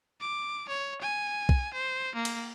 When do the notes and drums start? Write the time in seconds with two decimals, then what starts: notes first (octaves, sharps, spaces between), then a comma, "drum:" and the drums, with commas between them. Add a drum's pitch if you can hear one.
0.21 D6
0.69 C#5
1.01 G#5
1.49 drum: kick
1.74 C5
2.15 A#3
2.25 drum: cymbal